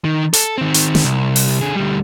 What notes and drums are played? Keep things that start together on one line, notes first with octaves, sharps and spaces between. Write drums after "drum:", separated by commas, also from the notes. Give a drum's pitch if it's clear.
D#3
A4, drum: hi-hat
D#3 C4
drum: hi-hat
drum: snare
C2
drum: open hi-hat
D3 G#4
D2 G3